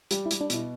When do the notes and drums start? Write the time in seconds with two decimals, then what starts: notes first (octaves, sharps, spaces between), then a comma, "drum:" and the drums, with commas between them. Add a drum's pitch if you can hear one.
0.11 G3 G4, drum: hi-hat
0.26 E4
0.31 G3, drum: hi-hat
0.41 D4
0.50 B2 E4, drum: hi-hat